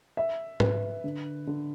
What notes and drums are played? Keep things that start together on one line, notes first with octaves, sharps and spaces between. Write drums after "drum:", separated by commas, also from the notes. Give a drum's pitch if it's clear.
E5
B4, drum: tom
D3
D3